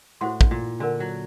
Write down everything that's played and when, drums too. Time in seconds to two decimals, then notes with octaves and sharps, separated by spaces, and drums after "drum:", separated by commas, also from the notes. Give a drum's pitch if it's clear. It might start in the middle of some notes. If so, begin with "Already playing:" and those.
0.21 A2 F#4 C5 F#5 C6
0.41 drum: kick
0.51 A#2
0.79 D3 D4 F#4 A#4 D5 F#5
1.00 F#3